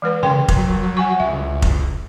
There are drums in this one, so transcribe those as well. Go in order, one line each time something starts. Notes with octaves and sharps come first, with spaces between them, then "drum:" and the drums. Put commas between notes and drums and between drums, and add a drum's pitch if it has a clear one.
E3 G#3 B4
C#3 A#4 G5 C6
F#3 A#4, drum: kick F1
F#5 G#5 C#6
C#2 E5
drum: kick F1